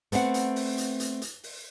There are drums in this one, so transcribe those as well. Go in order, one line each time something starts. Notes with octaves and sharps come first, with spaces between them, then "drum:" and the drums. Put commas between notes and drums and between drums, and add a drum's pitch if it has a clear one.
A3 B3 C4 F5 F#5, drum: hi-hat
drum: hi-hat
drum: open hi-hat
drum: hi-hat
drum: hi-hat
drum: hi-hat
drum: open hi-hat